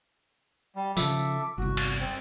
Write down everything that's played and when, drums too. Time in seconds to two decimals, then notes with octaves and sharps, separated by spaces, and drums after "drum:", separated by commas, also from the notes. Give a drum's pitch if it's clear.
0.76 G3
0.97 C#3 F3 A4 E5 D6, drum: tambourine
1.58 G1 C2 F#4
1.77 drum: cymbal
2.00 C4